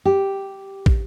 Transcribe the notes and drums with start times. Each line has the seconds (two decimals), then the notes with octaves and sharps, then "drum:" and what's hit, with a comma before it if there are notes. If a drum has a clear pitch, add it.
0.05 G4
0.86 drum: kick